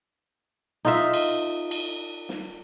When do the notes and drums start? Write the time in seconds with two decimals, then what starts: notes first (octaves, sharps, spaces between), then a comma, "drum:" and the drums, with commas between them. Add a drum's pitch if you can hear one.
0.85 D#4 F4 E5
1.13 drum: cymbal
1.71 drum: cymbal
2.29 drum: snare